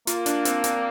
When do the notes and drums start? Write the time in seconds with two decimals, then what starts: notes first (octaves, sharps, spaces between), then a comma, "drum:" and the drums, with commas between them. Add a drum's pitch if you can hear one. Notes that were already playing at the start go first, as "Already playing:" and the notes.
0.07 A#3 F4, drum: hi-hat
0.26 D4, drum: hi-hat
0.45 C4, drum: hi-hat
0.64 C4, drum: hi-hat